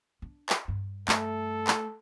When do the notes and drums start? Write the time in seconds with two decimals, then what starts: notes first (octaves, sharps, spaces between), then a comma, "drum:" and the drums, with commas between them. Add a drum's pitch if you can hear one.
0.22 D4
0.49 drum: clap
0.68 G2
1.08 A3 A4, drum: clap
1.67 drum: clap